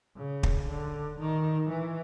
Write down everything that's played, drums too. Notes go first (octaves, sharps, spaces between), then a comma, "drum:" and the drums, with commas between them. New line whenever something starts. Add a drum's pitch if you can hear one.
C#3
drum: kick
D3
D#3
E3